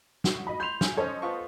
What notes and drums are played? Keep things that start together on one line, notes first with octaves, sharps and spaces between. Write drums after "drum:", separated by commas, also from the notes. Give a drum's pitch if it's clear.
F#4, drum: snare
D#5 B5
B5 C6 G6 F7
G#5, drum: snare
C#4 A4 C5 C#5 D#5
B3 F4 C#6